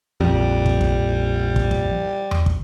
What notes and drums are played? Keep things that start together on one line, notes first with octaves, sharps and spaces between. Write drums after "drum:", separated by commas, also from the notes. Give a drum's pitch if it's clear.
A#1 F2 G3
drum: kick
drum: kick
drum: kick
drum: kick
drum: tom E2
drum: kick